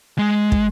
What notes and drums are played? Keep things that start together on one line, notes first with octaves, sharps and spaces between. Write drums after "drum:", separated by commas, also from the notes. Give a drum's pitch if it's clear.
G#3
drum: kick